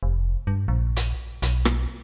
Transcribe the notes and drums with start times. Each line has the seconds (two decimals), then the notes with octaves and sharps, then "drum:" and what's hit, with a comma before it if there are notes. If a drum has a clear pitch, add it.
0.03 F1
0.47 G2
0.68 A#1
0.96 drum: hi-hat
1.42 B1, drum: hi-hat
1.65 drum: rim click